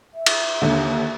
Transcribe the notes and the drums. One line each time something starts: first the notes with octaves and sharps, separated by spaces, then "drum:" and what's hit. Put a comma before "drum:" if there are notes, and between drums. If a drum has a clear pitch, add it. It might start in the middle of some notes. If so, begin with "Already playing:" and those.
E5
drum: cymbal
D#2 D3